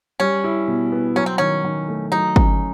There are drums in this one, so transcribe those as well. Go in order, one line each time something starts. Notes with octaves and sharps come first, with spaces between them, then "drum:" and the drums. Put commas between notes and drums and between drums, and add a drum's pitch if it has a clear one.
G3 C#4
E4
B2
B3
F#3 C#4
C4
D#3 C#4
D#3
A3
F#3 D#4
C#4, drum: kick G1